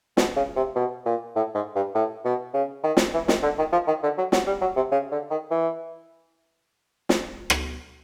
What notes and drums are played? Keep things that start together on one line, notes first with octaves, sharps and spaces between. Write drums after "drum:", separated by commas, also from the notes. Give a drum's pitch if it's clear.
B2, drum: snare
C#3
C3
B2
A#2
A2
G#2
G2
A2
B2
C#3
D#3
drum: snare
E3
D#3, drum: snare
D3
D#3
F3
D#3
D3
F#3
F#3, drum: snare
G3
F#3
C3
C#3
D3
D#3
E3
drum: snare
drum: rim click